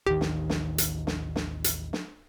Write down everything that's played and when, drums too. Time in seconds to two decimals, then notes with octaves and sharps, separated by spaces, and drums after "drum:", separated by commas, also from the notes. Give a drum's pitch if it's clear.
0.07 A1 D#2 D#3 G4
0.21 drum: snare
0.50 drum: snare
0.78 drum: hi-hat
1.07 drum: snare
1.36 drum: snare
1.64 drum: hi-hat
1.93 drum: snare